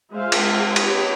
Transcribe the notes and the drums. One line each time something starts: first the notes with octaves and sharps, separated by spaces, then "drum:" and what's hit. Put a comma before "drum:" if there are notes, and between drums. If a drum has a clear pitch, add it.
G#3 F4 C5 E5 F5
drum: cymbal
G4 B4 C#5 D#5, drum: cymbal